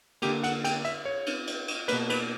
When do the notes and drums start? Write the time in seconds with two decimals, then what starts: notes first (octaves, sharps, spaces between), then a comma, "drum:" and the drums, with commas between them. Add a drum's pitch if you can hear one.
0.22 D3 A#3 G4, drum: cymbal
0.44 F#5, drum: cymbal
0.64 G5, drum: cymbal
0.85 E5, drum: cymbal
1.05 C#5
1.26 drum: cymbal
1.47 drum: cymbal
1.68 drum: cymbal
1.88 B2 A#3 B4, drum: cymbal
2.10 B4, drum: cymbal